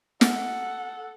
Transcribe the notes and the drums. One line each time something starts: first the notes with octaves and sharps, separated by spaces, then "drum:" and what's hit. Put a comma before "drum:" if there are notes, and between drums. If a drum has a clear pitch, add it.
A4 F#5, drum: snare